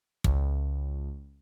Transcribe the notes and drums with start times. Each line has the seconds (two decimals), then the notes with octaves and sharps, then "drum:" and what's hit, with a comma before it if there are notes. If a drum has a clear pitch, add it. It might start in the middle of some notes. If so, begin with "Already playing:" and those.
0.24 C#2, drum: kick